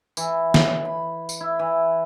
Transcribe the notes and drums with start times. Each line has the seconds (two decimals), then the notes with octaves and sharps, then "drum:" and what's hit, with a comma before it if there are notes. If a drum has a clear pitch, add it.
0.17 E3, drum: tambourine
0.54 drum: snare
0.85 B5
1.29 drum: tambourine
1.40 E4
1.59 E3